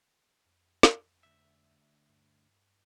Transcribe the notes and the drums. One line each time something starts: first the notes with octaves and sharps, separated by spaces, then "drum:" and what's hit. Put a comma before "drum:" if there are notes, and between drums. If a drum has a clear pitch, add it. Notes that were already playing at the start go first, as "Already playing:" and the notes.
F2
drum: snare
D2 E5
G2